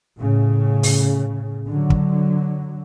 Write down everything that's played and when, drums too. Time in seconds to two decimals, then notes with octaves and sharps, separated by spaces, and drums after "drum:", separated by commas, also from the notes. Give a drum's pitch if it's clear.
0.18 A2 C#3
0.83 drum: open hi-hat
1.68 D3 F#3
1.90 drum: kick